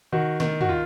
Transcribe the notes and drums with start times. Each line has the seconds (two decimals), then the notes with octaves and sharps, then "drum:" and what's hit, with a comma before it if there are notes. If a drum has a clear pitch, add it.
0.12 D#3 F#4
0.40 D#3, drum: snare
0.61 F#4, drum: tom
0.69 F4